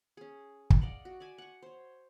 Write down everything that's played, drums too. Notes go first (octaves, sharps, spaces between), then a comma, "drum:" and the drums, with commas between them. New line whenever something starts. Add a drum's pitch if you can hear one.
C#4 G#4
drum: kick
D5 D#5 F5 F#5
F#4
D5 E5 G#5
F#5 C#6
C5 C#5